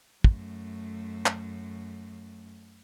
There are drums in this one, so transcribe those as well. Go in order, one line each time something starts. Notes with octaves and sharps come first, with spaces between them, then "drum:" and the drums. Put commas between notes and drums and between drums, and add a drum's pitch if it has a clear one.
F#2 A3, drum: kick
drum: clap